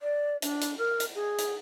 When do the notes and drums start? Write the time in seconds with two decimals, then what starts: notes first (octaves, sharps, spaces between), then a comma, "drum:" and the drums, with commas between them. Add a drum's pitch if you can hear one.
0.01 D5
0.42 D4, drum: hi-hat
0.62 drum: hi-hat
0.78 A#4
1.00 drum: hi-hat
1.15 G#4
1.39 drum: hi-hat